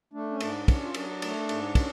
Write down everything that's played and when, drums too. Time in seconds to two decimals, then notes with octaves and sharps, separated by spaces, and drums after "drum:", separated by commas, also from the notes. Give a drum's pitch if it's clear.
0.13 A3 D4
0.30 C#4
0.40 G#2 D4, drum: cymbal
0.68 C#4 D4, drum: kick, cymbal
0.83 F4
0.94 F#3 D4, drum: cymbal
1.22 A3, drum: cymbal
1.49 G#2, drum: cymbal
1.75 C#4, drum: kick, cymbal